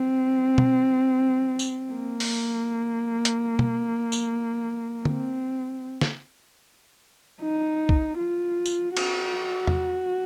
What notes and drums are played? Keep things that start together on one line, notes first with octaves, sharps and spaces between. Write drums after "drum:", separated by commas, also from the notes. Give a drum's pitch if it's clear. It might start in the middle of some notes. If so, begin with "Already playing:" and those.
Already playing: C4
drum: tom
drum: tambourine
A#3
drum: open hi-hat
drum: hi-hat
drum: tom
drum: tambourine
C4, drum: tom D3
drum: snare
D#4
drum: kick
F4
drum: tambourine
F#4, drum: cymbal
drum: tom E2